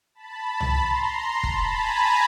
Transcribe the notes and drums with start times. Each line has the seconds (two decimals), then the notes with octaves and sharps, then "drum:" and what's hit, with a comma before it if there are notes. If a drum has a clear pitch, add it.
0.14 A5 B5
0.47 A5 B5
0.60 drum: tom C2
0.79 A#5 C6
1.11 A#5 C6
1.43 A5 B5, drum: kick
1.76 G#5 A#5